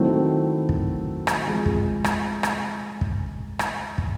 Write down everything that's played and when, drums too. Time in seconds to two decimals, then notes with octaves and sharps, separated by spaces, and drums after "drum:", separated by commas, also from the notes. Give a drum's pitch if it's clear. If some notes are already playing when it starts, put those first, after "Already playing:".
Already playing: D#3 F#3 A3 C4 E4
0.69 drum: kick
1.27 drum: rim click
1.47 F3 G#3 C4
1.66 drum: kick
2.04 drum: rim click
2.43 drum: rim click
3.01 drum: kick
3.59 drum: rim click
3.98 drum: kick